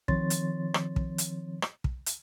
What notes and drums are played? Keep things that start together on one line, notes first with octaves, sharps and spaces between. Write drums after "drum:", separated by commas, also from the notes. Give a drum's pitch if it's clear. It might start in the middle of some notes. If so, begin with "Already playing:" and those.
D#3 F3 C4 C#5 C6 A6, drum: kick
drum: hi-hat
drum: rim click
drum: kick
drum: hi-hat
drum: rim click
drum: kick
drum: hi-hat